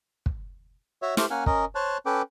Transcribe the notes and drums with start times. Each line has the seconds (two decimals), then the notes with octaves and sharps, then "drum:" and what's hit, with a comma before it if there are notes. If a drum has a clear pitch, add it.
0.26 drum: kick
1.02 F#4 C#5 E5
1.17 A3 G4 C5 G5 F6, drum: snare
1.31 A#3 C#4 F#5 G#5 F6
1.46 C#4 A#4 D#5, drum: kick
1.75 C5 C#5 A5 F#6
2.06 C#4 A4 B4 G5 D6